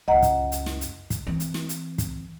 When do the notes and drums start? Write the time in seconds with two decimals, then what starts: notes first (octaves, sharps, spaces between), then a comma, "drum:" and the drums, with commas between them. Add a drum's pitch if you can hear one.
0.08 C#2 F#2 D#5 F#5 A#5
0.22 drum: kick, hi-hat
0.52 drum: hi-hat
0.66 drum: snare
0.81 drum: hi-hat
1.10 drum: kick, hi-hat
1.27 E3 C4
1.40 drum: hi-hat
1.54 drum: snare
1.69 drum: hi-hat
1.98 drum: kick, hi-hat